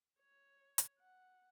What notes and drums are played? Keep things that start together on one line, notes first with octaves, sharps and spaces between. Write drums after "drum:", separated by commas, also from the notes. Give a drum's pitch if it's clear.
C#5
drum: hi-hat
F#5